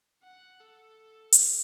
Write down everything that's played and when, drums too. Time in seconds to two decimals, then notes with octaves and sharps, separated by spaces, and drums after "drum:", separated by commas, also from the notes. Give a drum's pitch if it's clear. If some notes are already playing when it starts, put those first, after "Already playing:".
0.23 F#5
0.60 A4
1.33 drum: hi-hat